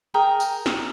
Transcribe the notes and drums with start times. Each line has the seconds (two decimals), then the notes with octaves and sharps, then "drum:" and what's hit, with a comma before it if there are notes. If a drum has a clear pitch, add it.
0.14 G#4 A#4 G5 A#5
0.40 drum: tambourine
0.66 drum: snare